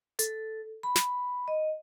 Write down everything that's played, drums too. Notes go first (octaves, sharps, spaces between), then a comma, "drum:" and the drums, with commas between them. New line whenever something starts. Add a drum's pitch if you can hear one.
A4, drum: hi-hat
B5
drum: snare
D#5